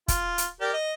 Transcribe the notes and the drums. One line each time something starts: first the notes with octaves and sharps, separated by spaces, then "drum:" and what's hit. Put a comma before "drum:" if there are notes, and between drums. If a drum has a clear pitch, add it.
F4, drum: kick, hi-hat
drum: hi-hat
G4 A#4 D5
D#5